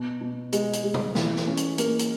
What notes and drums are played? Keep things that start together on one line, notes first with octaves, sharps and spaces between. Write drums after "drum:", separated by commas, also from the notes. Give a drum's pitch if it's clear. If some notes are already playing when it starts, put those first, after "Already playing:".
Already playing: B2
B2
G#3, drum: hi-hat
drum: hi-hat
G#3
drum: tom
E3, drum: snare
drum: snare
C#4
drum: hi-hat
A#3, drum: hi-hat
drum: hi-hat